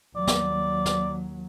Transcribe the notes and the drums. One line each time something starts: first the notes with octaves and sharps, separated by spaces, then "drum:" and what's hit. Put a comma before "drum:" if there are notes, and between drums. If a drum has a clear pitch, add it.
D#2 F#3 D5
drum: snare
drum: snare